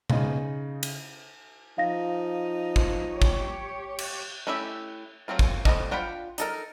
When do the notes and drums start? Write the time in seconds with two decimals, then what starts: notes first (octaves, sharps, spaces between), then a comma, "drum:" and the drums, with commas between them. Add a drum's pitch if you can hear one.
0.10 C#3 D#4, drum: tom B2
0.83 drum: cymbal
1.78 F3 D#4 F5 A#6
2.76 drum: kick
3.11 G4 C#5
3.22 drum: kick
3.99 drum: cymbal
4.47 A3 C#4 E4 G4 E5
5.28 F#3 A3 C4 F4
5.39 drum: kick
5.65 F3 G3 F#4 A4 D#5, drum: kick
5.91 D4 F4 F#5 G5 B5
6.38 D#4 A4 A#4, drum: hi-hat